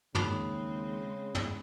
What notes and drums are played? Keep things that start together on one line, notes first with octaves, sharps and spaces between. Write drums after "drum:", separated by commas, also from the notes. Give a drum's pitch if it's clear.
D#2 C#3 G#3 C4 B5 D#6 F#6, drum: tom
drum: tom